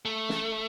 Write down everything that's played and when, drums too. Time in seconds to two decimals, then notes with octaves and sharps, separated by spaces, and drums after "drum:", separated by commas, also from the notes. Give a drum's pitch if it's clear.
0.05 A3
0.29 drum: snare